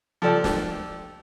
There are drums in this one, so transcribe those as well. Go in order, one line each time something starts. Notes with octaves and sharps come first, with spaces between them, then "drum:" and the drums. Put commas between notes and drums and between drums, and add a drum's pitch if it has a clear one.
F3 G4 A4 D5
drum: snare